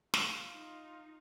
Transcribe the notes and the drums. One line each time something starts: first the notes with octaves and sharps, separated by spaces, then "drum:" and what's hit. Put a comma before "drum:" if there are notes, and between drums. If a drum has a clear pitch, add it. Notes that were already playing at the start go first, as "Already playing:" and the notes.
F4, drum: snare
D#4